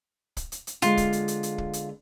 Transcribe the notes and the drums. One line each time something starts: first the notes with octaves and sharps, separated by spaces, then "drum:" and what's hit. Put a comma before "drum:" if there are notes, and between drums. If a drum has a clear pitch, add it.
drum: kick, hi-hat
drum: hi-hat
drum: hi-hat
D3 G#3 B3 F4, drum: hi-hat
drum: kick, hi-hat
drum: hi-hat
drum: hi-hat
drum: hi-hat
drum: kick
drum: hi-hat